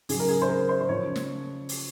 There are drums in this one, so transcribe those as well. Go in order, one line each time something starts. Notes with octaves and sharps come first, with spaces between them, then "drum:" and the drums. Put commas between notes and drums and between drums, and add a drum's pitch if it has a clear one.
C#3 F#3 G#4, drum: open hi-hat
A#4
G#4
C5
A#4
C5
C5
C#3 F3 C#5
drum: snare
drum: open hi-hat